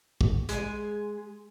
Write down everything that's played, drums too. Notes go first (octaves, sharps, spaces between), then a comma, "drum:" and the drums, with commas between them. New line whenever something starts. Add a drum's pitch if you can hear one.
drum: kick
G#3 G#5, drum: hi-hat